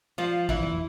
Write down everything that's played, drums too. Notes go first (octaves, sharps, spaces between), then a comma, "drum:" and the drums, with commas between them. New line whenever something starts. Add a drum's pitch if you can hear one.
F3 F4
E3 E4, drum: kick
drum: tom E2